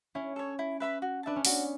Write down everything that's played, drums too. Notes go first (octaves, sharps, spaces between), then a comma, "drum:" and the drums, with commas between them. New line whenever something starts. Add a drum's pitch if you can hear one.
C#4 E4
A4 C#5
E4
B4 E5 B5
F#4
D4 B4 E5 A5
C#4
B3 F#4, drum: open hi-hat